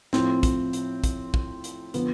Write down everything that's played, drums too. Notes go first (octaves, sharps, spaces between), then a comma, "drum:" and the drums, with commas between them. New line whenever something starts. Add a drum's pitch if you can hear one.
A2 F3 C4, drum: snare
drum: kick, hi-hat
drum: hi-hat
drum: kick, hi-hat
drum: kick
drum: hi-hat
D3 F3 B3, drum: hi-hat